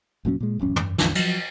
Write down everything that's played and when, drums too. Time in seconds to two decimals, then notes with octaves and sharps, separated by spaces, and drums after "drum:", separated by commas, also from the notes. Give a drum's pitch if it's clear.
0.25 F1 A#2 F#3 C#4
0.40 A#2 G#3
0.59 D#1 A1 F#2 C#4
0.76 F#2, drum: tom
0.98 A1 E2 D3 F3, drum: snare
1.15 F3 F#3, drum: cymbal